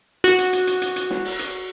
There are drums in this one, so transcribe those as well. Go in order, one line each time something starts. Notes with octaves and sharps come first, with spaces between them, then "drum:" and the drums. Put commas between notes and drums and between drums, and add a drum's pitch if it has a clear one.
F#4, drum: hi-hat
drum: hi-hat
drum: hi-hat
drum: hi-hat
drum: hi-hat
drum: hi-hat
drum: snare
drum: open hi-hat
drum: hi-hat